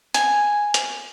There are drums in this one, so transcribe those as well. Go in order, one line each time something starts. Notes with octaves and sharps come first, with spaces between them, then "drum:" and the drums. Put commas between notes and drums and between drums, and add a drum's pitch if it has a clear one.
G#5, drum: hi-hat
drum: hi-hat